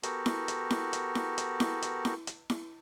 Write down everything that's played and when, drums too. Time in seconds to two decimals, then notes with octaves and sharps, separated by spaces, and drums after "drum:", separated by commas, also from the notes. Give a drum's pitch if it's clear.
0.03 B3 F#4 G4 A4 A#4, drum: hi-hat
0.26 drum: snare E4
0.48 drum: hi-hat
0.70 drum: snare E4
0.93 drum: hi-hat
1.15 drum: snare E4
1.38 drum: hi-hat
1.60 drum: snare E4
1.82 drum: hi-hat
2.05 drum: snare E4
2.27 drum: hi-hat
2.50 drum: snare E4